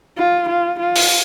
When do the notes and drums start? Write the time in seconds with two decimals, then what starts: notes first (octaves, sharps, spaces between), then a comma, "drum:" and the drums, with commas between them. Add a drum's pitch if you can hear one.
0.18 F4
0.49 F4
0.79 F4
0.96 drum: open hi-hat